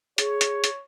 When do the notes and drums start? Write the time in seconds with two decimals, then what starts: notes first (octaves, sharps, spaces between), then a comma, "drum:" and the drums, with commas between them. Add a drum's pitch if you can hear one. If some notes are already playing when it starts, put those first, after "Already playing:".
0.18 G#4 C#5, drum: hi-hat
0.41 drum: hi-hat
0.64 drum: hi-hat